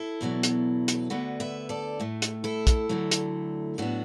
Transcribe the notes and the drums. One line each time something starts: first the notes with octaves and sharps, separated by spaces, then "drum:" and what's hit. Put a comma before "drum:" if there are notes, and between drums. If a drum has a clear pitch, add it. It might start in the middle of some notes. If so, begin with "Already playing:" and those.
Already playing: E4 A4
E2 B2 F#3 B3
drum: hi-hat
drum: hi-hat
D2 D3 B3 F#4 B4
B4 E5
A4 D5
A2 A3
drum: hi-hat
E4 A4
drum: kick, hi-hat
D2 D3 F#3 A3
drum: hi-hat
A2 F#3 B3 D4 F#4